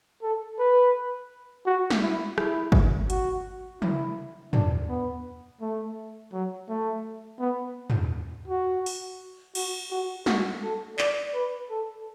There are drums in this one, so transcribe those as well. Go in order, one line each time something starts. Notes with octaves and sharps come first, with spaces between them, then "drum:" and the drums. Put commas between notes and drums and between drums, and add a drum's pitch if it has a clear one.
A4
B4
F#4
drum: snare
E4
E4, drum: rim click
drum: kick G1
F#4, drum: hi-hat
E4, drum: tom
D4, drum: tom
B3
A3
F#3
A3
B3
drum: tom
F#4
drum: open hi-hat
F#4, drum: cymbal
F#4
F#4, drum: snare
A4
D5, drum: clap
B4
A4